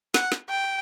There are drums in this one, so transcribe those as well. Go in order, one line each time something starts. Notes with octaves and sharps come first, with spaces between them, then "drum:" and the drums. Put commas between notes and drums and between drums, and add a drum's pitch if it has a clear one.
F#5, drum: snare
drum: snare
G5